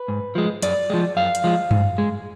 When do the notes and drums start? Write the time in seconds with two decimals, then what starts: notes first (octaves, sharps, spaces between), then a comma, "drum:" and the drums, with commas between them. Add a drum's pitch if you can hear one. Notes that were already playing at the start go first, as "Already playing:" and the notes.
Already playing: B4
0.08 G#2
0.35 F3 G#3
0.62 F#2 D5, drum: hi-hat
0.90 F3 G#3
1.16 F#2 F5
1.35 drum: hi-hat
1.44 F3 G#3
1.71 G#2, drum: tom G2
1.98 G#3